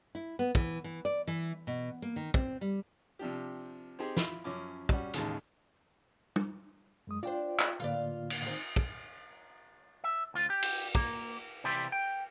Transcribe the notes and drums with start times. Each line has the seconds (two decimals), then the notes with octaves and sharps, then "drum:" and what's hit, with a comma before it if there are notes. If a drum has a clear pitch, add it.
0.15 E4
0.39 B3
0.55 E3, drum: kick
0.84 E3
1.05 D5
1.27 E3
1.67 B2
2.02 A#3
2.16 D#3
2.34 C4, drum: kick
2.61 G3
3.19 C3 F3 D4 G4
3.99 C4 D#4 G4 G#4
4.17 E4 F4 B5, drum: snare
4.44 F#2 F3 C#4 D6
4.89 G3 C#4 F#4, drum: kick
5.14 A1 D#2 C#3 G#3 D#4 A5, drum: hi-hat
6.36 drum: tom
7.07 F#2 G#3 D#6
7.23 D4 F4 C5 G5
7.59 drum: clap
7.80 A2 D3 A#3 F4 B4 D5
8.30 drum: cymbal
8.42 D#3 C4
8.76 drum: kick
10.04 E5
10.34 D2 F4
10.50 G4
10.63 drum: cymbal
10.95 A#3, drum: kick
11.64 C3 E3 G4 D5 E5 C6
11.92 G5